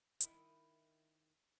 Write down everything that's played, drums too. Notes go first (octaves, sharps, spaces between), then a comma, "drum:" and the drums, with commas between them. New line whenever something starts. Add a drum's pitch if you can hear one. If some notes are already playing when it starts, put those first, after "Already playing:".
D#3 E4, drum: hi-hat